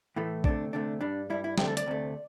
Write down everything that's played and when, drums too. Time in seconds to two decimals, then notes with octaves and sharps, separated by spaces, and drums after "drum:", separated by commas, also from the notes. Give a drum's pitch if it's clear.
0.16 A2 E3 A3
0.44 D2 C3 A3 D4, drum: kick
0.73 D2 C3 A3 D4
1.01 G2 G3 D4
1.30 G2 G3 E4
1.44 E4
1.58 D2 C3 A3 G4, drum: snare
1.67 A4
1.77 D5, drum: hi-hat
1.86 D2 C3 A3